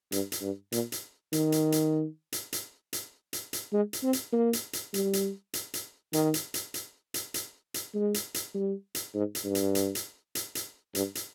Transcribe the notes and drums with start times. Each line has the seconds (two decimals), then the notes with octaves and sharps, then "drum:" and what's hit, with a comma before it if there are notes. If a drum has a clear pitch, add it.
0.12 G2, drum: hi-hat
0.32 drum: hi-hat
0.41 G2
0.72 A#2, drum: hi-hat
0.92 drum: hi-hat
1.33 D#3, drum: hi-hat
1.52 drum: hi-hat
1.72 drum: hi-hat
2.32 drum: hi-hat
2.53 drum: hi-hat
2.93 drum: hi-hat
3.33 drum: hi-hat
3.53 drum: hi-hat
3.73 G#3
3.93 drum: hi-hat
4.03 C4
4.13 drum: hi-hat
4.33 A#3
4.53 drum: hi-hat
4.73 drum: hi-hat
4.94 G3, drum: hi-hat
5.13 drum: hi-hat
5.54 drum: hi-hat
5.74 drum: hi-hat
6.13 D#3, drum: hi-hat
6.34 drum: hi-hat
6.54 drum: hi-hat
6.74 drum: hi-hat
7.14 drum: hi-hat
7.34 drum: hi-hat
7.74 drum: hi-hat
7.94 G#3
8.14 drum: hi-hat
8.34 drum: hi-hat
8.55 G3
8.95 drum: hi-hat
9.15 G#2
9.35 drum: hi-hat
9.45 G2
9.55 drum: hi-hat
9.75 drum: hi-hat
9.95 drum: hi-hat
10.35 drum: hi-hat
10.55 drum: hi-hat
10.95 G2, drum: hi-hat
11.15 drum: hi-hat